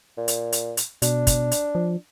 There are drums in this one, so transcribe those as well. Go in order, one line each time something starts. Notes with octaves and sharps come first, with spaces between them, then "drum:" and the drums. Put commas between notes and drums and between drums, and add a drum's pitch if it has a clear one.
A#2
drum: hi-hat
drum: hi-hat
drum: hi-hat
B2 D4, drum: hi-hat
drum: kick, hi-hat
drum: hi-hat
F3